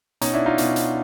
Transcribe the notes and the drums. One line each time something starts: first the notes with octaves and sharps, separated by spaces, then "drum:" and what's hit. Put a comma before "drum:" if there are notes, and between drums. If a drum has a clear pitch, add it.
B2 C#4 D#4, drum: hi-hat
D4 E4
D#4 F4
B2, drum: hi-hat
drum: hi-hat